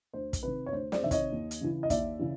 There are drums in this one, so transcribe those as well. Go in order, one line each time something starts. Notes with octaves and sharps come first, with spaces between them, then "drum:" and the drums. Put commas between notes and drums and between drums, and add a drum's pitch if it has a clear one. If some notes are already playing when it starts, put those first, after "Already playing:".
D2 C5
drum: kick, hi-hat
C3 D#3 B4
C#5
D2 C5
C5 D5, drum: snare
C3 D#3 E5
C#5 D#5, drum: kick, hi-hat
D#2
drum: hi-hat
C#3 E3
D#5
D#2 D5 E5, drum: kick, hi-hat
C#3 E3